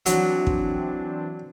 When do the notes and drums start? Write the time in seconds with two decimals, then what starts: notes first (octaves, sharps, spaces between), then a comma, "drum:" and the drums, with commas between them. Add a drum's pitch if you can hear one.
0.06 E3 F#3 C4 D4, drum: hi-hat
0.47 drum: kick